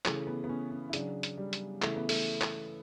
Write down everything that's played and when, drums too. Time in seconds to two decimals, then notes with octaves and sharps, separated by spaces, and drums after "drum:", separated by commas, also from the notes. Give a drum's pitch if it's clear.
0.05 C#3 E3 A3, drum: clap
0.27 B3
0.44 B3
0.49 C#4
0.71 C#4
0.89 E4
0.93 C#3 F#3 D4, drum: hi-hat
1.23 drum: hi-hat
1.37 G3
1.53 drum: hi-hat
1.82 C#3 E3 A3, drum: clap
1.96 B3
2.09 A3, drum: open hi-hat
2.41 drum: clap